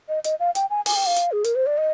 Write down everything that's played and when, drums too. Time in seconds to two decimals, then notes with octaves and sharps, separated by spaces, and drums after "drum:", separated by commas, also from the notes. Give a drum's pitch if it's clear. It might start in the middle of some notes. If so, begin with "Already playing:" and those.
0.09 D#5
0.24 D#5, drum: hi-hat
0.40 F5
0.55 G5, drum: hi-hat
0.70 G#5
0.86 G#5, drum: open hi-hat
0.96 G5
1.06 F5
1.16 drum: hi-hat
1.32 G#4
1.44 A#4, drum: hi-hat
1.55 C5
1.66 D5
1.78 D#5